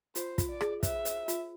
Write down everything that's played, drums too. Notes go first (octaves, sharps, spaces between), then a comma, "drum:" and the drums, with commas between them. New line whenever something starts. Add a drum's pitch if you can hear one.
F4 C5, drum: hi-hat
F4, drum: kick, hi-hat
D5
G#4, drum: rim click
C5 E5, drum: kick, hi-hat
C5, drum: hi-hat
F4, drum: hi-hat